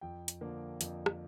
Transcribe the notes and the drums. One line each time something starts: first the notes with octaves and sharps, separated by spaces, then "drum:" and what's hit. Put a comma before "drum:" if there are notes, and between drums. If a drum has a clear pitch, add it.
F2 G5
drum: hi-hat
D3 F3 A#3
F2, drum: hi-hat
drum: rim click